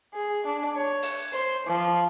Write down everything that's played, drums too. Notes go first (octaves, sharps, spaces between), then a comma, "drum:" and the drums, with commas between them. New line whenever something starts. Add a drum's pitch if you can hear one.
G#4
D4
C#5
drum: open hi-hat
C5
F3